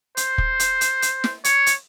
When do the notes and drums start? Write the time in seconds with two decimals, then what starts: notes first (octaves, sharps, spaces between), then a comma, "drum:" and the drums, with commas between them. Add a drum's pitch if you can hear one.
0.17 C5, drum: hi-hat
0.38 drum: kick
0.60 drum: hi-hat
0.81 drum: hi-hat
1.02 drum: hi-hat
1.24 drum: snare
1.44 C#5, drum: hi-hat
1.66 drum: hi-hat